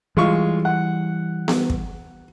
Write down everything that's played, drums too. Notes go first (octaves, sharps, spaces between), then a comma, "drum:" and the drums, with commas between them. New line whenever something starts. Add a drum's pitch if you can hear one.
E3 G3 G#3 F4 C#6
F#5
drum: snare B3
drum: kick